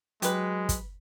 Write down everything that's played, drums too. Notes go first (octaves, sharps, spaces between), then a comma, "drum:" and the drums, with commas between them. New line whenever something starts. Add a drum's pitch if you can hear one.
F#3 G#3 G4 B4, drum: hi-hat
drum: kick, hi-hat